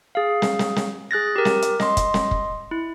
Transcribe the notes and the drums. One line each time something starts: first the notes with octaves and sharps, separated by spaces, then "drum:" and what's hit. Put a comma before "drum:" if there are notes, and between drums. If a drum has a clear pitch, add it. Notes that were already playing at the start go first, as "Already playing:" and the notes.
G#4 F5
drum: snare
drum: snare
drum: snare
G#4 F#6 A6 A#6
G4 A#4
drum: snare
drum: hi-hat
D#5 C6, drum: snare
drum: kick, hi-hat
drum: snare
drum: kick
E4